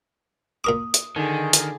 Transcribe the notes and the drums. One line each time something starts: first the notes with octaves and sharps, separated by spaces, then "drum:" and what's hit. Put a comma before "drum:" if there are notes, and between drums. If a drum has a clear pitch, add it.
A#2 A#4 D6 D#6
drum: hi-hat
D3 D#3 D#4 G#4
drum: hi-hat